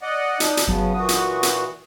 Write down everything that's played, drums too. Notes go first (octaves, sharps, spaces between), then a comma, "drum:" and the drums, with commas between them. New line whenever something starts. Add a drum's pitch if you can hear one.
D5 D#5 F#5
D4 D#4, drum: hi-hat
drum: hi-hat
G1 C#3 F#3 B3 A5
A#2 E3 F#4 D#6
drum: hi-hat
drum: hi-hat